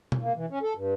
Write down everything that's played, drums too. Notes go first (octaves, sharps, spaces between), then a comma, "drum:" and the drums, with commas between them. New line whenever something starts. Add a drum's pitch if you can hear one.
drum: tom
A#3
E3
C#4
A4
G2